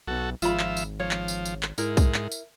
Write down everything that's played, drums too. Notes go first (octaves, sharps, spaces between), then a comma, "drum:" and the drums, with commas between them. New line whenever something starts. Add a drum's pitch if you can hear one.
B1 F#4 A4
G#1 F3 F4 E5 B5, drum: tambourine
drum: clap
drum: tambourine
F3 C#5
drum: clap
drum: tambourine
drum: tambourine
drum: clap
G#2 E4 A#4, drum: tambourine
drum: kick, tambourine
drum: clap
drum: tambourine